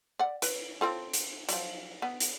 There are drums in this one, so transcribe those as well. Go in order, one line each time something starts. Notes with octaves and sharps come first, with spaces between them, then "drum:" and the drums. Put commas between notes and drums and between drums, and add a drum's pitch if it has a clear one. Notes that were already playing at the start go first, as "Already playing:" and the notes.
D5 F#5
B4, drum: hi-hat
C4 F4 A4
drum: hi-hat
F3 F#3, drum: hi-hat
B3
drum: hi-hat